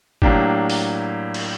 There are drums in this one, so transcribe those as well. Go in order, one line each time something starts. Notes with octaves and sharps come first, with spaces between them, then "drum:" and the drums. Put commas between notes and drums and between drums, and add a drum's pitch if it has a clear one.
A2 F#3 A#3 D4 G4, drum: kick
drum: open hi-hat
drum: cymbal